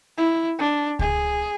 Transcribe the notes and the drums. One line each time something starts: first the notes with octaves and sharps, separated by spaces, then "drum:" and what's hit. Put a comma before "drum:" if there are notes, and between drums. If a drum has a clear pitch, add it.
E4
D4
G#4, drum: kick C#2